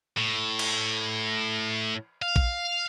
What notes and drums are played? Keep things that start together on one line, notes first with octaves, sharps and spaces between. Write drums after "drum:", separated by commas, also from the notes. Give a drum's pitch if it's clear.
A2
drum: cymbal
F5
drum: kick A#1